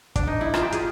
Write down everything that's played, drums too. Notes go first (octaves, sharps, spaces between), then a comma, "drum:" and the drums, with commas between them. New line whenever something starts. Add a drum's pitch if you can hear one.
D4, drum: kick, hi-hat
D#4
E4
F4, drum: rim click
G4
G#4, drum: hi-hat